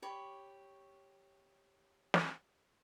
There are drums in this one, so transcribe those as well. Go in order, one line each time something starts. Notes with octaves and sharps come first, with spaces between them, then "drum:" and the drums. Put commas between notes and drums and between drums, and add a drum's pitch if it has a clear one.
G4 C#5 B5
drum: snare